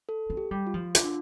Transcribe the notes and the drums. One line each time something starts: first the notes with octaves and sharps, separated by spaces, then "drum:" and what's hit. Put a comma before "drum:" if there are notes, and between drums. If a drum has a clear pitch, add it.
A4
C4
G4
G3
F4
F3
D3 F4, drum: hi-hat
D4